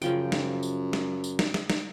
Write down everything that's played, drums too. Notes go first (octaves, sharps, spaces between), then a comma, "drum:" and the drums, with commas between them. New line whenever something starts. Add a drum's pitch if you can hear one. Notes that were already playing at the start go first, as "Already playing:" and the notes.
F#2 C#3 F3 G5, drum: tambourine
drum: snare
drum: tambourine
drum: snare
drum: tambourine
drum: snare
drum: snare
drum: snare